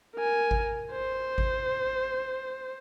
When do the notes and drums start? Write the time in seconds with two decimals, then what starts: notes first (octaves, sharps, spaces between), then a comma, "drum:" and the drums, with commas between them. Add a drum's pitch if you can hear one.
0.15 A#4 G#5
0.51 drum: kick G#1
0.92 C5
1.38 drum: kick G#1